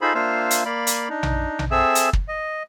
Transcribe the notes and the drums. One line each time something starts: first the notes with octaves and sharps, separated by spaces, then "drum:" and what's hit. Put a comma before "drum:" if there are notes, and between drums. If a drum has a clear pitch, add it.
D#4 F4 G#4 A4 C5 B5
A#3 D4 F4 C5 E5 F5
drum: hi-hat
A#3 D5 F5 B5
drum: hi-hat
D4 D#4
drum: tom A#1
drum: tom A#1
C4 G#4 A4 E5 E6
drum: hi-hat
drum: kick
D#5